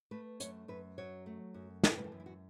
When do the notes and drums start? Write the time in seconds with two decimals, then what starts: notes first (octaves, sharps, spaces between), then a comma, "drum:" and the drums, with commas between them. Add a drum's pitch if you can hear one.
0.11 A3 B4
0.40 F#2 C#5, drum: hi-hat
0.68 F#2 B4
0.98 F#3 C#5
1.26 A3
1.54 F#2
1.83 E3 B4, drum: snare
1.98 B4
2.04 A4
2.12 F#2
2.20 E4
2.26 F#4